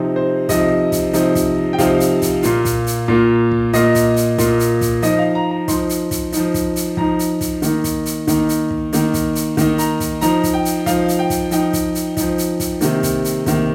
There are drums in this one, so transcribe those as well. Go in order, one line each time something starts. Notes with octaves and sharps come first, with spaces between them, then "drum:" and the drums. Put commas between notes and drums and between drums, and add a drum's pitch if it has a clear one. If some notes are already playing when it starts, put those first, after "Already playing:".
Already playing: C3 F3 D#4
C5
C3 F3 D#4 D#5, drum: kick, hi-hat
drum: kick, hi-hat
C3 F3 D#4, drum: hi-hat
drum: kick, hi-hat
G5
C3 F3 D#4 F5, drum: kick, hi-hat
drum: hi-hat
drum: kick, hi-hat
A#2 A#3 F4, drum: hi-hat
drum: kick, hi-hat
drum: hi-hat
A#2 A#3 F4, drum: kick
drum: kick
A#2 A#3 F4 D#5, drum: hi-hat
drum: kick, hi-hat
drum: hi-hat
A#2 A#3 F4, drum: kick, hi-hat
drum: hi-hat
drum: kick, hi-hat
F3 D#4 D#5, drum: hi-hat
F5
A#5
A#5
F3 D#4 C6, drum: kick, hi-hat
drum: hi-hat
drum: kick, hi-hat
F3 D#4, drum: hi-hat
drum: kick, hi-hat
drum: hi-hat
F3 D#4 A#5, drum: kick
drum: hi-hat
drum: kick, hi-hat
D#3 A#3 D#4, drum: hi-hat
drum: kick, hi-hat
drum: hi-hat
D#3 A#3 D#4, drum: kick, hi-hat
drum: hi-hat
drum: kick
D#3 A#3 D#4, drum: hi-hat
drum: kick, hi-hat
drum: hi-hat
D#3 A#3 D#4, drum: kick, hi-hat
A#5, drum: hi-hat
drum: kick, hi-hat
F3 D#4 A#5, drum: hi-hat
drum: kick, hi-hat
G5
drum: hi-hat
F3 D#4 F5, drum: kick, hi-hat
drum: hi-hat
G5
drum: kick, hi-hat
F3 D#4 G5, drum: hi-hat
drum: kick, hi-hat
drum: hi-hat
F3 D#4, drum: kick, hi-hat
drum: hi-hat
drum: kick, hi-hat
C3 D#3 A#3, drum: hi-hat
drum: kick, hi-hat
drum: hi-hat
C3 D#3 A#3, drum: kick, hi-hat